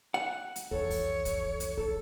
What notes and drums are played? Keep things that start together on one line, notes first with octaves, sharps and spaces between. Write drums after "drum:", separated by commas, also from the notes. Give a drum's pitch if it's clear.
F#5
drum: hi-hat
C2 F2 E3 A4 C#5, drum: kick
drum: open hi-hat
drum: kick, hi-hat
drum: hi-hat
A4, drum: kick